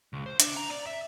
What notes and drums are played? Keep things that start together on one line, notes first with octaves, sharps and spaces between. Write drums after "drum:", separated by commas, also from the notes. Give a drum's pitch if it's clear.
C#2
C5
D4, drum: hi-hat
A#5
D5
E5